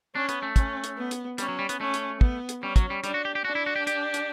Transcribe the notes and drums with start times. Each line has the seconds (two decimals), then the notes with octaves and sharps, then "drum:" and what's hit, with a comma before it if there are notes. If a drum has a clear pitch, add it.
0.15 C#4 D4
0.29 B3, drum: hi-hat
0.43 A3
0.56 C#4, drum: kick, hi-hat
0.84 drum: hi-hat
0.97 B3
1.11 drum: hi-hat
1.38 G3 C#4, drum: hi-hat
1.48 F#3
1.59 G3
1.69 B3, drum: hi-hat
1.80 A3 C#4
1.94 drum: hi-hat
2.21 B3, drum: kick
2.49 drum: hi-hat
2.62 G3 C#4
2.76 F#3, drum: kick, hi-hat
2.90 G3
3.04 G3 D4, drum: hi-hat
3.14 F#4
3.25 G4
3.35 G4
3.45 D4 F#4
3.55 E4
3.66 F#4
3.76 G4
3.87 G4, drum: hi-hat
4.14 drum: hi-hat